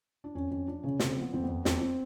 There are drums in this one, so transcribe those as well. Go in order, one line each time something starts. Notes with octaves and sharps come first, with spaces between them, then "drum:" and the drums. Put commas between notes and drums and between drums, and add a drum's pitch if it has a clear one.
D4
F2 C#4
F2 C#4
F3 D4
C#3 C#4
C#3 C4, drum: snare
F3
B3
F2 C4
B3
F2
F2 C4, drum: snare
B3
C4